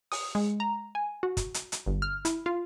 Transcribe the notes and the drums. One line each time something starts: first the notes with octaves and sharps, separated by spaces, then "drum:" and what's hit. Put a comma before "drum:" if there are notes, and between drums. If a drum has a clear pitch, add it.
D#6, drum: open hi-hat
G#3
A#5
G#5
F#4
drum: kick, hi-hat
drum: hi-hat
drum: hi-hat
G1
F6
E4, drum: hi-hat
F4